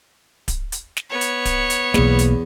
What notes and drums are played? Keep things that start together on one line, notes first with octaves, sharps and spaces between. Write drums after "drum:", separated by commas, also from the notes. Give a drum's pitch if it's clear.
drum: kick D1, hi-hat
drum: hi-hat
drum: snare
B3 C#5
drum: hi-hat
drum: kick D1, hi-hat
drum: hi-hat
B1 E2 A#3, drum: snare
drum: hi-hat